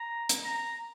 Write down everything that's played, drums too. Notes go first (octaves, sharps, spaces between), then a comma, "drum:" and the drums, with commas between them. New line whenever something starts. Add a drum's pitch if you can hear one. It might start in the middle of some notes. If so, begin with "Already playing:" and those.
Already playing: A#5
drum: hi-hat
A#5